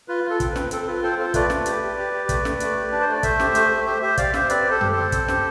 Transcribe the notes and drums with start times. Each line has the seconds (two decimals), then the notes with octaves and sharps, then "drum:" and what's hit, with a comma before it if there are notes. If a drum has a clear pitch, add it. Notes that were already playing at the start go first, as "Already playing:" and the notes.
0.08 F4 B4
0.24 F4
0.30 A4
0.40 C4, drum: kick, hi-hat
0.50 B4
0.56 C4, drum: snare
0.71 C4 A4, drum: hi-hat
0.82 A4
0.87 F4 B4
1.03 C4 A4 C5
1.19 F4 A4 C5
1.34 A3 B4 D5, drum: kick, hi-hat
1.50 A3, drum: snare
1.66 G4, drum: hi-hat
1.82 G4
1.98 G4
2.14 G4
2.29 A3, drum: kick, hi-hat
2.45 A3, drum: snare
2.60 A3, drum: hi-hat
2.76 G4
2.92 D4
3.01 C5
3.07 A3 D5
3.23 A3 C5 E5, drum: kick, hi-hat
3.40 G4, drum: snare
3.55 A3, drum: hi-hat
3.71 A3
3.86 G4 C5 E5
4.02 G4 C5 E5
4.17 G4 D5 F5, drum: kick, hi-hat
4.34 G4 C5 E5, drum: snare
4.50 C4 B4 D5, drum: hi-hat
4.65 G4
4.70 A4 C5
4.81 G4, drum: tom F#2
4.92 A4 C5
4.97 C4
5.12 C4, drum: kick, hi-hat
5.28 G4, drum: snare